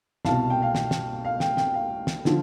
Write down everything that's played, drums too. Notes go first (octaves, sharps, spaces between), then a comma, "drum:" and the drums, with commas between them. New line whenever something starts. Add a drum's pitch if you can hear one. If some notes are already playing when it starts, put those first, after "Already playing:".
C2 B2 F5 A5, drum: snare
G5
F5
G5, drum: snare
drum: snare
F5
G5, drum: snare
G5, drum: snare
F5
drum: snare
D3 F3, drum: snare